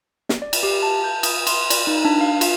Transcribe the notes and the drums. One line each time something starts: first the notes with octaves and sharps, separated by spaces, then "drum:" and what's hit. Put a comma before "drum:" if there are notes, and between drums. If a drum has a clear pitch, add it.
drum: snare
D5
drum: cymbal
G4
A5
G6
D#6, drum: cymbal
C6, drum: cymbal
D5, drum: cymbal
D#4
D4
F5
F4, drum: cymbal